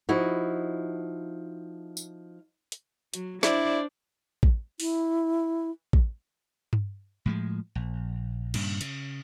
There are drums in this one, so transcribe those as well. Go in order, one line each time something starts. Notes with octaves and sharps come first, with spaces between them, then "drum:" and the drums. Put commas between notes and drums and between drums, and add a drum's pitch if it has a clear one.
F3 D#4 E4 F#4
drum: tambourine
drum: hi-hat
F#3, drum: hi-hat
D4 E4 C5 D5, drum: snare
drum: kick A1
E4, drum: open hi-hat
drum: kick A1
drum: tom G2
A2 F3 G#3
A#1
G2 A#2 C#3, drum: cymbal
C#3, drum: hi-hat